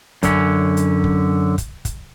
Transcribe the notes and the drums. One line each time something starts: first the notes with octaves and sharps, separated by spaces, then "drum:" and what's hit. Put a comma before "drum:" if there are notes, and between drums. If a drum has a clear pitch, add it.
F#2 D3 C#4, drum: kick, hi-hat
drum: hi-hat
drum: kick
drum: kick, hi-hat
drum: kick, hi-hat